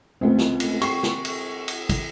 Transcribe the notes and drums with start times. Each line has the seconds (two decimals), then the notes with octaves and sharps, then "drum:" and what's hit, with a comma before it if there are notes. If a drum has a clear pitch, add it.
0.21 C#2 A3 B3 C4
0.38 drum: snare
0.60 drum: cymbal
0.82 G4 C#6 C7, drum: cymbal
1.03 drum: snare
1.25 drum: cymbal
1.68 drum: cymbal
1.89 drum: kick, cymbal